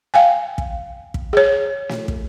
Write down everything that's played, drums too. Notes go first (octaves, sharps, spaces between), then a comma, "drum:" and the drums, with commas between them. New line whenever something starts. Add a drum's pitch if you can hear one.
F5 G5 G#5
drum: kick
drum: kick
G#4 C#5
drum: snare
drum: kick